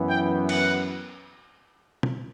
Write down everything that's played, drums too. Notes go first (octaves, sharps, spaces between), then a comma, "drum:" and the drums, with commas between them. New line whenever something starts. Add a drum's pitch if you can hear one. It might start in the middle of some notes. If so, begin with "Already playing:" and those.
Already playing: F#2 E3 B3
G5
F#5, drum: cymbal
drum: tom B2